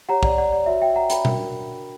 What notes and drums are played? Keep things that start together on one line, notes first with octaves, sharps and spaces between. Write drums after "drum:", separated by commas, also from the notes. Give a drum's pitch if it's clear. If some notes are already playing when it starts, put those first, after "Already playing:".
G4 C#5 F#5 A#5
D5 F#5, drum: kick
D5 F#5
D5
F#4 C#5 E5
E5 G5
F#5 A#5
G5 B5, drum: hi-hat
D4 F#4 A#4, drum: tom B2